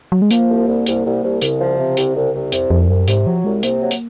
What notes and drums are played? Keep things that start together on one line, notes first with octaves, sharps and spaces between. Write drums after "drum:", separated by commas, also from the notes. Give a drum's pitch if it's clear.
F#3
G#3
F3 A#3, drum: hi-hat
C2
C2
C2, drum: hi-hat
C2
C2
C2 C#3, drum: hi-hat
F3
C3
C2, drum: hi-hat
C2
C2
F2 C3, drum: hi-hat
C2 F2
C2 F#2
G#2 C3, drum: hi-hat
F3 F#3
C2 G#3
C3 A#3, drum: hi-hat
F#3
drum: hi-hat